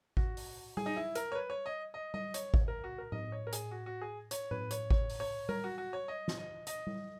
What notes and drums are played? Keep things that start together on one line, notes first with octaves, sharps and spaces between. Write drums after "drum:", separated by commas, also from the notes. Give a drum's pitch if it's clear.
F#4, drum: kick G#1
drum: open hi-hat
G#4, drum: tom G3
D#4
E4
A#4, drum: hi-hat
C#5
B4
C#5
D#5
D#5
D#5, drum: tom G3
C#5, drum: hi-hat
drum: kick G#1
A#4
F#4
A#4
D#5, drum: tom A2
C#5
A#4
G#4, drum: hi-hat
F#4
F#4
G#4
C#5, drum: hi-hat
B4, drum: tom A2
C#5, drum: hi-hat
C#5, drum: kick G#1
drum: open hi-hat
C#5
A#4, drum: tom G3
F#4
F#4
C#5
D#5
drum: snare
D#5
D#5, drum: hi-hat
drum: tom G3